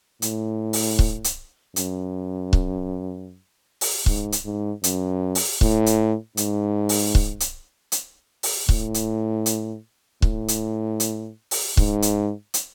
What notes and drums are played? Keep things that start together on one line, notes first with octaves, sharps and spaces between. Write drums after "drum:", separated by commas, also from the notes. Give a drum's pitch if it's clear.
A2, drum: hi-hat
drum: open hi-hat
drum: kick C#1
drum: hi-hat
F#2, drum: hi-hat
drum: kick C#1
drum: open hi-hat
G#2, drum: kick C#1
drum: hi-hat
G#2
F#2, drum: hi-hat
drum: open hi-hat
A2, drum: kick C#1
drum: hi-hat
G#2, drum: hi-hat
drum: open hi-hat
drum: kick C#1
drum: hi-hat
drum: hi-hat
drum: open hi-hat
A2, drum: kick C#1
drum: hi-hat
drum: hi-hat
A2, drum: kick C#1
drum: hi-hat
drum: hi-hat
drum: open hi-hat
G#2, drum: kick C#1
drum: hi-hat
drum: hi-hat